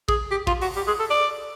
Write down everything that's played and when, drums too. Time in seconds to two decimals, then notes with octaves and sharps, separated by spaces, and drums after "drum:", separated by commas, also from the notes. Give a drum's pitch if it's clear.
0.09 G#4, drum: kick
0.31 G4
0.47 F4, drum: kick
0.62 F#4, drum: open hi-hat
0.76 G4
0.87 G#4
0.99 A4
1.10 D5